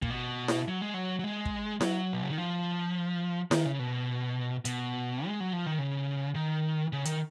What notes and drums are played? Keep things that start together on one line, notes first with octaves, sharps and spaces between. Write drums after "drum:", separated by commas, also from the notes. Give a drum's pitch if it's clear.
A#2, drum: kick
B2
drum: snare E4
F#3
G#3
F#3
F#3
G#3
drum: kick
F#3, drum: snare E4
B2
C#3
D#3
F3
D#3, drum: snare E4
C#3
B2
B2, drum: hi-hat
G#3
F#3
F3
D#3
C#3
D#3
C#3
D#3, drum: hi-hat